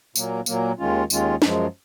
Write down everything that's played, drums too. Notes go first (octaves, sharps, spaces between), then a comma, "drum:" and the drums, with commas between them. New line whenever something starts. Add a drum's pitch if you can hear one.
A#2 F#3 A#3, drum: tambourine
A#2 F#3 A#3, drum: tambourine
D#2 D#3 G#3 C#4 F4
D#2 D#3 G#3 C#4 F4, drum: tambourine
F#2 F3 G#3, drum: snare